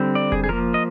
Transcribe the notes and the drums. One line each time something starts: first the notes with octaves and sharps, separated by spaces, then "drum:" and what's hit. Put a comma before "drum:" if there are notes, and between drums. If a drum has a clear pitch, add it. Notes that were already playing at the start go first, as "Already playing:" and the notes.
Already playing: D3 G3 C4
D5
G#4, drum: kick F1
G#4
F3 A#3 A#4
D#5